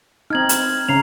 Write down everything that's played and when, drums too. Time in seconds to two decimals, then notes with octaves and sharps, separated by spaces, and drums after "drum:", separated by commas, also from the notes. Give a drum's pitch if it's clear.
0.30 C4 D#4 F6 G#6 F#7
0.49 drum: hi-hat
0.89 C#3 C#4 A#5 C7 F7